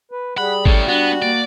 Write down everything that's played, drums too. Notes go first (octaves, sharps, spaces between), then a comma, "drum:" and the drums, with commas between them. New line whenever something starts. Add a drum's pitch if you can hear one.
B4
G3 G#4 F#5 B5
A2 C#4 A4, drum: kick G#1
B3 D4 F#4
A#3 D5